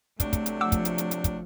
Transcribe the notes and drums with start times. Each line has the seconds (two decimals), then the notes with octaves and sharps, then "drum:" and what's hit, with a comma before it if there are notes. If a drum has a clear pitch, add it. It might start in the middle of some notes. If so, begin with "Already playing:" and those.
0.20 C3 F#3 A3 D4, drum: kick, hi-hat
0.33 drum: kick, hi-hat
0.46 drum: hi-hat
0.61 F3 F#5 D6 E6
0.72 drum: kick, hi-hat
0.85 drum: hi-hat
0.98 drum: hi-hat
1.11 drum: hi-hat
1.24 drum: kick, hi-hat